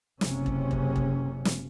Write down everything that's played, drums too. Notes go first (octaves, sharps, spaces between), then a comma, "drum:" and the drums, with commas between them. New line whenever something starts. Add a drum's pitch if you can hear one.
F#1 C3 C#4, drum: snare
drum: kick E1
drum: kick E1
drum: kick E1
drum: snare